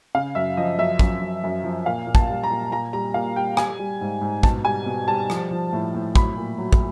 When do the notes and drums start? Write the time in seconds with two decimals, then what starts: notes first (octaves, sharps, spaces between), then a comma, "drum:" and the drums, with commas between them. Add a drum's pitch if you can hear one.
0.15 C#3 F5
0.35 F#2 E5
0.57 F3 D#5
0.78 F#2 E5
0.99 F#2, drum: kick
1.22 F#2
1.44 F#2
1.64 F3
1.86 A#2 F5
2.07 A#2
2.15 A5, drum: kick
2.29 G3
2.44 A#5
2.50 A#2
2.72 A#2 A#5
2.93 G3 A#5
3.14 A#2 F5
3.36 G3 G5
3.57 G3 G#5, drum: rim click
3.79 G3
4.01 G#2
4.21 G#2
4.43 B2 A5, drum: kick
4.65 G3 G#5
4.86 B2
5.08 G3 A5
5.30 F3, drum: rim click
5.51 F3
5.73 A2
5.94 A2
6.15 F#3 B5, drum: kick
6.37 A#2
6.58 F#3
6.73 drum: kick